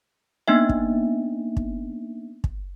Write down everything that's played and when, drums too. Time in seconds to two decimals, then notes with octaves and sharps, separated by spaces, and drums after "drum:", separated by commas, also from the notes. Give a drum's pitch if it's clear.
0.48 A#3 B3 D4 D#4 E5
0.69 drum: kick
1.57 drum: kick
2.44 drum: kick